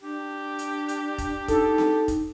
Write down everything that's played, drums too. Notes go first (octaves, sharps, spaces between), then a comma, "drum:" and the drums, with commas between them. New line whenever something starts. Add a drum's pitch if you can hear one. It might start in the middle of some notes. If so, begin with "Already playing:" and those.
D4 G4
drum: hi-hat
drum: hi-hat
drum: kick F1, hi-hat
D#4 A4, drum: kick F1, hi-hat
drum: snare C4
drum: kick F1, hi-hat